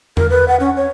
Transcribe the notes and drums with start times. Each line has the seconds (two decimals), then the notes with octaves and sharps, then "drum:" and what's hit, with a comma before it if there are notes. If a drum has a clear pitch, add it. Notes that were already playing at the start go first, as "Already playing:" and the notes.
0.17 A#4, drum: tom E2
0.30 B4
0.48 F#5
0.60 C#4
0.77 C#5